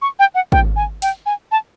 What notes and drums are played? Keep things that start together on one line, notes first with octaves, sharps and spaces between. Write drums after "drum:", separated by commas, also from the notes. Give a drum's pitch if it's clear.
C#6
G5
F#5
G5, drum: kick
G#5
G5, drum: hi-hat
G#5
A5